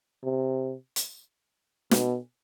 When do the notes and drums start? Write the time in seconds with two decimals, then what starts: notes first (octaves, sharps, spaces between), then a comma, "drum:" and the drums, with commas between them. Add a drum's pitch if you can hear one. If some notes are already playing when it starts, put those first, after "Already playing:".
0.24 C3
0.96 drum: hi-hat
1.91 B2, drum: snare